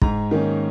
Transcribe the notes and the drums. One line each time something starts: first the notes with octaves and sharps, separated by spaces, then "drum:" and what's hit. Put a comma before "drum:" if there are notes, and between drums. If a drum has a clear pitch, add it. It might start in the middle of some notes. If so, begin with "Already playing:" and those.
G#2 A#5, drum: kick
D#3 A#3 C#4